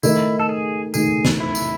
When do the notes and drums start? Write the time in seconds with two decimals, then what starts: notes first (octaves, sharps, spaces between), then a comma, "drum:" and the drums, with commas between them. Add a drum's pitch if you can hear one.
0.03 D#3 A3 D#4 E4, drum: tambourine
0.40 A4
0.49 G#4
0.94 D#3 A3 D#4 G#4, drum: tambourine
1.25 drum: snare
1.40 E4
1.55 drum: tambourine